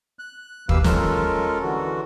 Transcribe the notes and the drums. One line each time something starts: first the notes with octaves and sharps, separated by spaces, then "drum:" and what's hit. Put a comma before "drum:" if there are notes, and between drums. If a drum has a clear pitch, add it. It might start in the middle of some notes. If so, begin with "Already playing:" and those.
F#6
B2 A#3 G4 B4 F5 E6, drum: kick
G#3 C#4 F4 A4 A#4, drum: snare
D3 E3 F#4